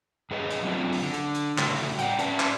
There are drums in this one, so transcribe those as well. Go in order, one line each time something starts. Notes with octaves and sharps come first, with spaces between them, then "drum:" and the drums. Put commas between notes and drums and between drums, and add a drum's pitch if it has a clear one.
G2 G#4 B4 D#5
drum: hi-hat
F#3 A3 C4 D4 F4
drum: open hi-hat
D3
drum: hi-hat
drum: hi-hat
A2 C#3 G3 A3 F#4, drum: clap
drum: open hi-hat
D5 F#5 G5, drum: hi-hat
C#4 B4 D5 E5 A5, drum: hi-hat
drum: clap